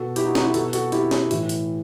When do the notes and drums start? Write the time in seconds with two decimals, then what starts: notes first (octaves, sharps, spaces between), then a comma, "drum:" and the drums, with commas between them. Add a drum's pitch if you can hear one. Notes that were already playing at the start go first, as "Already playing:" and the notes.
Already playing: B2 F#4 A4
0.16 E4 G4, drum: hi-hat
0.25 D#4 F#4
0.35 D#4 F#4, drum: snare
0.44 E4 G4
0.54 B2 F#4 A4, drum: hi-hat
0.73 F#4 A4, drum: hi-hat
0.92 E4 G4, drum: hi-hat
1.11 drum: snare
1.31 A2 E3, drum: hi-hat
1.49 drum: hi-hat